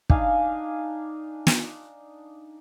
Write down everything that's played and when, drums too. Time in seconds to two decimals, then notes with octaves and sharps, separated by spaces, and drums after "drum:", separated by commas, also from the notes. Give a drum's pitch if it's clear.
0.10 D4 D#4 F5 G#5, drum: kick
1.47 drum: snare